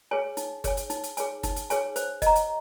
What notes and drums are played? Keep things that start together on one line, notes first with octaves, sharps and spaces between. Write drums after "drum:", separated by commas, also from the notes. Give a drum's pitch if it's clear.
G#4 C#5 G#5
D#4, drum: hi-hat
G#4 C#5 G#5, drum: kick, hi-hat
drum: hi-hat
D#4, drum: hi-hat
drum: hi-hat
G#4 C#5 G#5, drum: hi-hat
D#4, drum: kick, hi-hat
drum: hi-hat
G#4 C#5 G#5, drum: hi-hat
C5, drum: hi-hat
D#5 A#5, drum: kick, hi-hat
drum: hi-hat